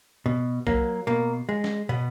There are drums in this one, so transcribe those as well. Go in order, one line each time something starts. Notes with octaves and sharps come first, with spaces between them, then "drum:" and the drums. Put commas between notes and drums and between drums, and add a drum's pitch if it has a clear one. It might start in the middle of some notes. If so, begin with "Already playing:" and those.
B2
F#3 A#3, drum: kick B1
B2 A#3
G#3
drum: snare
B2 B3